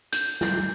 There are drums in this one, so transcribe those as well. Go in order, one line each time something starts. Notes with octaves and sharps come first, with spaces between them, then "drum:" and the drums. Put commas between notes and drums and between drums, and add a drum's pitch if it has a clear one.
G6, drum: hi-hat
drum: snare